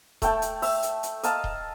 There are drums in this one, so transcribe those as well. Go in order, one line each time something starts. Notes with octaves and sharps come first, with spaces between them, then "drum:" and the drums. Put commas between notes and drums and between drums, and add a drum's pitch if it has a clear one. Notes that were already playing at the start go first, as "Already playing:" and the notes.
A3 G5 A5, drum: kick D#1, hi-hat
drum: hi-hat
E5, drum: open hi-hat
drum: hi-hat
drum: hi-hat
D#5 F5 A5 A#5, drum: hi-hat
drum: kick D#1